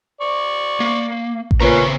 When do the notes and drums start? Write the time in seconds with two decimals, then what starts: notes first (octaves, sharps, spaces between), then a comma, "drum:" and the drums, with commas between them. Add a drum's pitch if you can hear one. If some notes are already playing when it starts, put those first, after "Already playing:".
0.21 D5 C#6
0.80 A#3
1.51 drum: kick A1
1.61 A#2 C#3 C#4 B4 C5 A#5 C#6